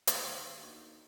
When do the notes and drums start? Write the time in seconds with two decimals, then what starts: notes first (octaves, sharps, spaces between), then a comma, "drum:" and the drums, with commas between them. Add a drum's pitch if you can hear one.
0.07 D#2 D#6 E6 D7, drum: hi-hat
0.57 A#3 D4 D#4 F#4